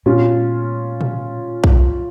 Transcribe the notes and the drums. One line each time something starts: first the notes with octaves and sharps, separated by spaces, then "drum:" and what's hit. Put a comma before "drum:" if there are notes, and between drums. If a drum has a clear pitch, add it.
A#2 G#3 B3 C#4 F4
drum: tom
drum: kick B1